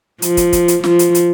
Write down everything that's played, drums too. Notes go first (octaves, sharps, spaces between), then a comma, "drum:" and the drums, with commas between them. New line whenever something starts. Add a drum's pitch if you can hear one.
F3, drum: hi-hat
drum: kick, hi-hat
drum: kick, hi-hat
drum: hi-hat
F3, drum: snare
drum: hi-hat
drum: hi-hat